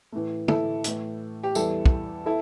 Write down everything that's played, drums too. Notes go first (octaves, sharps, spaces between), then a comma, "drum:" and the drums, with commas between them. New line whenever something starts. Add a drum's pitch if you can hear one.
A2 E3 A3
E4 A4, drum: tom
A2 E3 A3, drum: hi-hat
G4
E2 E3 G3 E4 A4, drum: tambourine
drum: kick
E4 A4